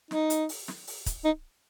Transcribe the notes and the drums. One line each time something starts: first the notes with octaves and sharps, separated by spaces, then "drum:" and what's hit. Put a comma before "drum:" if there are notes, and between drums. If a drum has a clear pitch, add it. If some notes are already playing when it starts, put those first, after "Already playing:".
D#4, drum: snare
drum: hi-hat
drum: open hi-hat
drum: snare
drum: open hi-hat
drum: kick, hi-hat
D#4